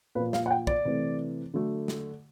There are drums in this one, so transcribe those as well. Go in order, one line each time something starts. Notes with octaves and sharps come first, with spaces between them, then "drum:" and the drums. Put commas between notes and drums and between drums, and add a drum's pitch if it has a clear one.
A#2 F3 A#3 B4
F5, drum: snare
F#5
G5
D5, drum: kick
C3 E3 A3
D3 F#3 A3
drum: snare